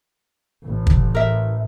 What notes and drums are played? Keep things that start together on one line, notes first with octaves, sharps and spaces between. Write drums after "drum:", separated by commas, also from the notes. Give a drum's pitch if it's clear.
A1
drum: kick
A#4 E5